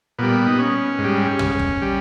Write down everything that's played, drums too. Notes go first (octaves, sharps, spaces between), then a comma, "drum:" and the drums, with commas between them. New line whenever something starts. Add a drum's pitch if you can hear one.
A#2 G3 B3
D#4
C#4
G#2
G3
drum: tom
drum: kick
G3